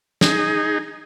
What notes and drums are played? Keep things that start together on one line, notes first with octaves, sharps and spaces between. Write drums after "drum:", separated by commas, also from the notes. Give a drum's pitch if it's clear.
D#4 G#4, drum: snare